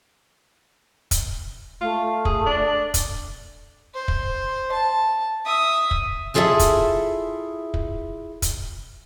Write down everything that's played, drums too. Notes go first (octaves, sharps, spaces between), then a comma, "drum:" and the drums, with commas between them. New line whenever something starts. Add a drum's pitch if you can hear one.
drum: kick, hi-hat
A3 F4
G#4, drum: kick
D4
drum: kick, hi-hat
C5
drum: kick
A5
E5 D#6
drum: kick
E4 F4 G#4 A4 C#5 E5
drum: kick, hi-hat
drum: kick
drum: kick, hi-hat